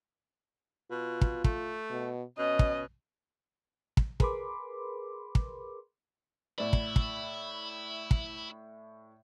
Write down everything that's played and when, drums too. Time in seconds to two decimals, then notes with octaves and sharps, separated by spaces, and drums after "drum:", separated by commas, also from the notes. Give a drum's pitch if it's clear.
0.91 B2 F4
1.21 drum: kick
1.44 A3, drum: kick
1.90 B2
2.38 B2 C#4 D#5
2.59 drum: kick
3.97 drum: kick
4.20 G#4 A#4 B4 B5 C6 D6, drum: kick
5.35 drum: kick
6.58 A2 E4 D5
6.73 drum: kick
6.96 drum: kick
8.11 drum: kick